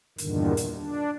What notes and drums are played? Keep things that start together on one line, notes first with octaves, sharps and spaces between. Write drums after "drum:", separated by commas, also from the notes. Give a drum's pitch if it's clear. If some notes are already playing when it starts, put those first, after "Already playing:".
E2 G2 A#2 D3 D#3, drum: hi-hat
drum: hi-hat
D4